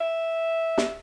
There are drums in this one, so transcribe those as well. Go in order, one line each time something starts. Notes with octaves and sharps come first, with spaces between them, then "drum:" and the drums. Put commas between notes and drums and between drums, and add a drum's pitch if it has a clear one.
E5
drum: snare